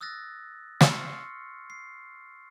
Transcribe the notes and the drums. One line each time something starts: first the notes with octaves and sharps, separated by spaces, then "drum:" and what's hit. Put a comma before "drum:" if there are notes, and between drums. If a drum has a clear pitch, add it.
D#6 E6 F#6 A6 A#6
C6 C#6 E6 F6 C7 C#7, drum: snare
C7